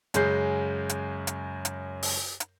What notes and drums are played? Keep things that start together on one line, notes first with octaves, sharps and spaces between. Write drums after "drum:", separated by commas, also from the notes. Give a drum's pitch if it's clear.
F#2 C#3 G#3 G6 C7, drum: hi-hat
drum: hi-hat
drum: hi-hat
drum: hi-hat
drum: open hi-hat
drum: hi-hat